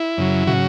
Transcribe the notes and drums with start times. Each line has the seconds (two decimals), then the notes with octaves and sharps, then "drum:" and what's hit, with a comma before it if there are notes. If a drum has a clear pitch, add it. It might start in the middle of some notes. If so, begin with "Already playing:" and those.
Already playing: E4
0.17 F#2 C#3 F#3
0.47 C#3 F#3 F#4, drum: tom